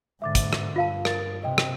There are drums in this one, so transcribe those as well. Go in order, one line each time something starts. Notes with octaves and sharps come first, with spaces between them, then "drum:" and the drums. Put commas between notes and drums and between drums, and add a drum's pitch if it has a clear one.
G#2 D3 E5 D6 A6
drum: kick, hi-hat
drum: rim click
G2 F4 F5 A5
A#4 A6, drum: rim click
C3 D#5 G5
drum: rim click